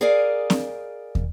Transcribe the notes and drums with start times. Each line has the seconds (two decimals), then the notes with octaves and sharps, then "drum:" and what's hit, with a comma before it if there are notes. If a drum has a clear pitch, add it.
0.01 G#4 A#4 D5 D#5 F5 G#5
0.50 drum: snare
1.15 drum: kick